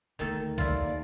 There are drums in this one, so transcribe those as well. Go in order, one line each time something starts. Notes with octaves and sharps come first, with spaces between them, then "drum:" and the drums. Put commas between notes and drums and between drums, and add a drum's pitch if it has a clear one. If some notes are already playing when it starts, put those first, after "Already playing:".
D2 D#3 A3 D#4 A4
D#2 E4 F4 D5, drum: kick